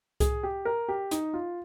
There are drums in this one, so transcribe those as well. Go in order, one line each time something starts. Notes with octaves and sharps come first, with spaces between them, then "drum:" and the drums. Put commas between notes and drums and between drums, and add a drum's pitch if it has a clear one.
G#4, drum: kick C2, hi-hat
G4
A#4
G4
D#4, drum: hi-hat
F4